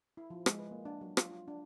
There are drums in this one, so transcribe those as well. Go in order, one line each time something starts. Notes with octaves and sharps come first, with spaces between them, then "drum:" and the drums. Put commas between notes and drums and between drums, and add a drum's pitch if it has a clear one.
E4
F3
G#3, drum: rim click
B4
A#3
D4
F#3
F4, drum: rim click
F4
D4